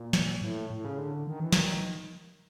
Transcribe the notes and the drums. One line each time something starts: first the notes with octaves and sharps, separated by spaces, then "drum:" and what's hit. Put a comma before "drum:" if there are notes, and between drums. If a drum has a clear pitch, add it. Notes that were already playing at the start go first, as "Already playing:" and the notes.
Already playing: A#2
drum: snare
A2
A2
C#3
D3
D#3
E3
D#3, drum: snare